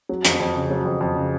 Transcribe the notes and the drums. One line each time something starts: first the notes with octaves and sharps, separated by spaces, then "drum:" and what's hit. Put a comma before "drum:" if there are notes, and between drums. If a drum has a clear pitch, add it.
F#3
F2, drum: hi-hat
F2
C#3
F#3
F2
F2
C#3